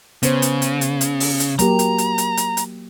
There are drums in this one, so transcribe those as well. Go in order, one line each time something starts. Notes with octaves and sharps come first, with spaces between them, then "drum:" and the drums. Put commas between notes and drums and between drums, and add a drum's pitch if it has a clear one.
C#3 B3 C5, drum: hi-hat
drum: hi-hat
drum: hi-hat
drum: hi-hat
drum: hi-hat
drum: open hi-hat
drum: hi-hat
F#3 A#3 G4 A#5, drum: hi-hat
drum: hi-hat
drum: hi-hat
drum: hi-hat
drum: hi-hat
drum: hi-hat